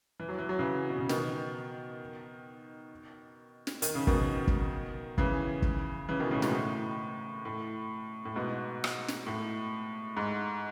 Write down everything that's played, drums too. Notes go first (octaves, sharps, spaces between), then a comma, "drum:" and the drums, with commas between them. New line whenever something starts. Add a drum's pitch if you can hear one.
E3
F#3
E3
F#3
C#3 E3
B2
C#3
B2 D#3, drum: snare
drum: snare
D#3, drum: hi-hat
C#3
B2 D#3, drum: kick
drum: kick
C#3 E3, drum: kick
drum: kick
C#3 E3
B2 D#3
A2 C#3
G#2 B2, drum: snare
A2
A2
A2
G#2 B2
drum: rim click
drum: snare
A2
G#2